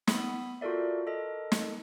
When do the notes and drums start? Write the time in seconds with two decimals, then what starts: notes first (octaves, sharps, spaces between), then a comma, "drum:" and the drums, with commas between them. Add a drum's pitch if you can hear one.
0.07 B3 B5 D#6, drum: snare
0.61 F4 F#4 A4 A#4 D5 E5
1.07 A4 A#4 D#5
1.52 drum: snare